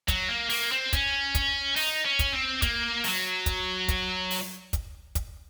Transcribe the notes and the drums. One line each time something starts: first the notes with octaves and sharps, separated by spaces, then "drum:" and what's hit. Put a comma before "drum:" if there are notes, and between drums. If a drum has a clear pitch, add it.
F#3, drum: kick, hi-hat
A#3
A#3, drum: open hi-hat
C4
C#4, drum: kick, hi-hat
drum: kick, hi-hat
D#4, drum: open hi-hat
C#4
drum: kick, hi-hat
C4
A#3, drum: kick, hi-hat
F#3, drum: open hi-hat
drum: kick, hi-hat
drum: kick, hi-hat
drum: open hi-hat
drum: kick, hi-hat
drum: kick, hi-hat